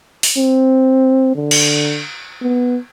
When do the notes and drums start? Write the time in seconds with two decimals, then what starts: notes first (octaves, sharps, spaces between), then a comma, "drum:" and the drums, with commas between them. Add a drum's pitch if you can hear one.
0.23 drum: open hi-hat
0.37 C4
1.35 D3
1.51 drum: cymbal
2.42 B3